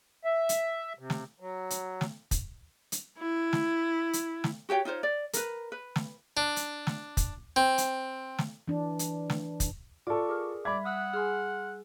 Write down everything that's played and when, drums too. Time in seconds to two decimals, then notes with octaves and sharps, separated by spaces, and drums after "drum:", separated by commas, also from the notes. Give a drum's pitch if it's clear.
0.25 E5
0.49 drum: hi-hat
0.99 C3
1.10 drum: snare
1.40 F#3
1.70 drum: hi-hat
2.01 drum: snare
2.31 drum: kick, hi-hat
2.92 drum: hi-hat
3.18 E4
3.53 drum: snare
4.13 drum: hi-hat
4.44 drum: snare
4.69 F#4 G4 C#5 G5
4.85 D#4 F4 C5 C#5
5.03 D5
5.33 A#4 B4, drum: hi-hat
5.72 B4
5.96 drum: snare
6.37 D4
6.56 drum: hi-hat
6.87 drum: snare
7.17 drum: kick, hi-hat
7.56 C4
7.78 drum: hi-hat
8.38 drum: snare
8.68 E3 D4
8.99 drum: hi-hat
9.30 drum: snare
9.60 drum: kick, hi-hat
10.07 F4 A4 D5 C#6 D6
10.29 G#4 A#4 D6 F6
10.65 G3 D5 E5 B5 G#6
10.85 F#5 D#6 E6 F#6
11.13 G#4 G#5 C6 E6 F6